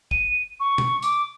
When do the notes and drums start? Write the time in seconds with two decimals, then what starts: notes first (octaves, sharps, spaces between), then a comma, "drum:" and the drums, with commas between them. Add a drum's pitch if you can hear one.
0.11 D#7, drum: kick
0.60 C#6
0.78 drum: tom
1.03 D6, drum: hi-hat